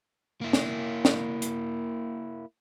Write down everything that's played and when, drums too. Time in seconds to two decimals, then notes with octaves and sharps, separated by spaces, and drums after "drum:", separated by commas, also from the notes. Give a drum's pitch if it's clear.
0.41 A#3 E4
0.53 drum: snare
1.05 drum: snare
1.42 drum: hi-hat